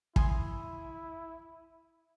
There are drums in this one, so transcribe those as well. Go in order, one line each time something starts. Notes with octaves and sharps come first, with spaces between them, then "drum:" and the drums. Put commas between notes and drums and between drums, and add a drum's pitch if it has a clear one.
E4 G#5 C6 D#6, drum: kick